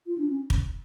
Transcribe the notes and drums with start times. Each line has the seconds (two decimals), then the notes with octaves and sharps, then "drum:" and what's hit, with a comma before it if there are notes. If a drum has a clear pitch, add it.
0.07 F4
0.18 D4
0.28 C#4
0.50 drum: kick